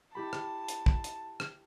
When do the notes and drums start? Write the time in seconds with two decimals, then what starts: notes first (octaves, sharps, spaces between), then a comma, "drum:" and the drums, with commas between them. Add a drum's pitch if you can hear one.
0.15 E4 G4 A5 B5
0.33 drum: rim click
0.68 drum: hi-hat
0.86 drum: kick
1.04 drum: hi-hat
1.40 drum: rim click